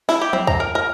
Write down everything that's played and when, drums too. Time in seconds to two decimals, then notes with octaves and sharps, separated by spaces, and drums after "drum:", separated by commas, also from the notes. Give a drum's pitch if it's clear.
0.09 E4, drum: snare
0.21 G4
0.33 C4, drum: tom F3
0.47 A#5, drum: kick
0.60 A#4
0.75 A#4